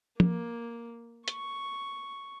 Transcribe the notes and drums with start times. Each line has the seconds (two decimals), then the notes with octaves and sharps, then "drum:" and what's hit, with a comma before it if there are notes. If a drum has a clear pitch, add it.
0.20 A#3, drum: tom F3
1.28 C#6, drum: hi-hat